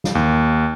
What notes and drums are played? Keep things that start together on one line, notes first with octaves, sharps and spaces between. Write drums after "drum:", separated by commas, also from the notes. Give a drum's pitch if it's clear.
drum: snare
D#2